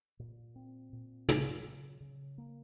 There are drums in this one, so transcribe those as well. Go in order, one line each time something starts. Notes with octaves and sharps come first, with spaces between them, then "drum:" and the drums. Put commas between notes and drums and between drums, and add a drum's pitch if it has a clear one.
A#2
C4
A#2
F#3, drum: tom
C#3
C#3
A#3